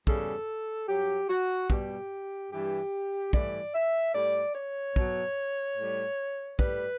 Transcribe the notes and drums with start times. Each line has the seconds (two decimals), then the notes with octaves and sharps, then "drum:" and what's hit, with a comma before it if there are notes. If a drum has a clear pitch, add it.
0.07 E2 C#3 G3 A4, drum: kick
0.88 G2 F#3 G4
1.29 F#4
1.70 B2 G3 G4, drum: kick
2.52 G2 E3 G3 G4
3.33 A2 E3 G3 D5, drum: kick
3.75 E5
4.15 A2 G3 D5
4.55 C#5
4.96 B2 F#3, drum: kick
5.77 A2 G3
6.59 A2 G3 B4, drum: kick